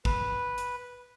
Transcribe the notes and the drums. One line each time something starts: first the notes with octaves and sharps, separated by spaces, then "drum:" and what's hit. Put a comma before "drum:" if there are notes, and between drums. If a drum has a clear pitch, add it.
B4, drum: kick
drum: hi-hat